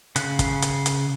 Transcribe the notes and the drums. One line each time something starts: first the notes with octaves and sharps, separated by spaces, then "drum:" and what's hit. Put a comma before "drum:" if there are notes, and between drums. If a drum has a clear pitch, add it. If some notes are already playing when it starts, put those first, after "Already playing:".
C#3 F#6, drum: hi-hat
drum: kick, hi-hat
drum: hi-hat
drum: hi-hat